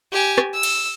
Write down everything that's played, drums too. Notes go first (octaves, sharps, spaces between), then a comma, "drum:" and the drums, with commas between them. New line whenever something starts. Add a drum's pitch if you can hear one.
G4 G#5
drum: rim click
E6
drum: cymbal